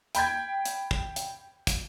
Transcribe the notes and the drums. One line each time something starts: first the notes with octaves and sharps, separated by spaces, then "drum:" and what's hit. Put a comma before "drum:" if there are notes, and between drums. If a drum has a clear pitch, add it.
G5 B5 G6 G#6, drum: hi-hat
drum: hi-hat
drum: kick
drum: hi-hat
drum: kick, hi-hat